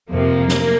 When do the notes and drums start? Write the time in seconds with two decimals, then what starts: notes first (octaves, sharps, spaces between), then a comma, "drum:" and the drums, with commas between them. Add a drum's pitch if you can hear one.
0.11 F2 C3 F3 A#3
0.48 drum: snare